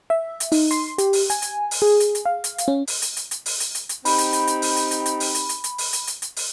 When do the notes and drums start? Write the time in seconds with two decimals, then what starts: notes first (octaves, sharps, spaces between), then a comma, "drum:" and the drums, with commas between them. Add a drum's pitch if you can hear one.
0.10 E5
0.40 drum: hi-hat
0.52 D#4, drum: open hi-hat
0.71 C6, drum: hi-hat
0.98 G4, drum: hi-hat
1.13 drum: open hi-hat
1.30 G#5, drum: hi-hat
1.42 drum: hi-hat
1.71 drum: open hi-hat
1.82 G#4
2.00 drum: hi-hat
2.15 drum: hi-hat
2.25 F5
2.44 drum: hi-hat
2.58 drum: hi-hat
2.68 C#4
2.87 drum: open hi-hat
3.02 drum: hi-hat
3.17 drum: hi-hat
3.31 drum: hi-hat
3.46 drum: open hi-hat
3.60 drum: hi-hat
3.75 drum: hi-hat
3.89 drum: hi-hat
4.05 C4 D#4 G4 B5, drum: open hi-hat
4.18 drum: hi-hat
4.33 drum: hi-hat
4.47 drum: hi-hat
4.62 drum: open hi-hat
4.77 drum: hi-hat
4.91 drum: hi-hat
5.06 drum: hi-hat
5.20 drum: open hi-hat
5.35 drum: hi-hat
5.49 drum: hi-hat
5.64 drum: hi-hat
5.78 drum: open hi-hat
5.93 drum: hi-hat
6.07 drum: hi-hat
6.22 drum: hi-hat
6.36 drum: open hi-hat